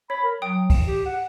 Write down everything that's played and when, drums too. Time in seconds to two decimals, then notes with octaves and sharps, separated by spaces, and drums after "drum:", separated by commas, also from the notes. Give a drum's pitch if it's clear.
0.10 C#5 B5
0.24 A#4
0.42 F#3 G5 D#6
0.70 drum: kick, open hi-hat
0.87 G4
1.06 F#5